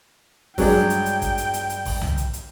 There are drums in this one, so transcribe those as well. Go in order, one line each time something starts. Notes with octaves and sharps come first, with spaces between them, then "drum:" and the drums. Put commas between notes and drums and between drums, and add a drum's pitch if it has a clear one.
G2 F#3 G#3 D4 G5, drum: kick G#1, open hi-hat
drum: hi-hat
drum: hi-hat
drum: kick G#1, hi-hat
drum: hi-hat
drum: hi-hat
drum: hi-hat
drum: kick G#1, open hi-hat
drum: tom
drum: hi-hat
drum: hi-hat